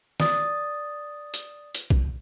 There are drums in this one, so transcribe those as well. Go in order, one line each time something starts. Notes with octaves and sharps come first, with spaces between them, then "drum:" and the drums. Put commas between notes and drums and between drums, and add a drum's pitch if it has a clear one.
D5 D#6 A6, drum: snare
drum: hi-hat
drum: hi-hat
drum: kick